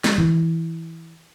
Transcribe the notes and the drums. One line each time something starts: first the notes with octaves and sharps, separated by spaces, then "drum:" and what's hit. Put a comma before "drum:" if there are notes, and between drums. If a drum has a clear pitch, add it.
drum: snare
E3